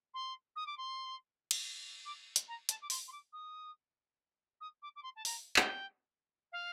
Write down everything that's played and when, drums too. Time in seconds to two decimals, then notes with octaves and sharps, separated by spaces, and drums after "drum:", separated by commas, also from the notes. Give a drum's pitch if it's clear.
0.14 C6
0.56 D#6
0.66 D6
0.77 C6
1.51 drum: cymbal
2.05 D6
2.36 drum: hi-hat
2.48 A#5
2.69 A5, drum: hi-hat
2.82 D6
2.90 C6, drum: open hi-hat
3.07 C6
3.12 D6
3.32 D#6
4.60 D#6
4.82 D6
4.95 D6
5.03 C6
5.16 A5
5.25 A#5, drum: open hi-hat
5.56 G5, drum: clap
6.52 F5